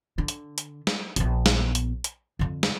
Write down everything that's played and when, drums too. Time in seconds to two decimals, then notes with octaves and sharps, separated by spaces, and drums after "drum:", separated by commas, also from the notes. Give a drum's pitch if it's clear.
0.18 D3
0.28 drum: hi-hat
0.58 drum: hi-hat
0.87 drum: snare
1.16 A#1 B3, drum: hi-hat
1.46 drum: snare
1.75 drum: hi-hat
2.04 drum: hi-hat
2.39 F2 D3
2.63 drum: snare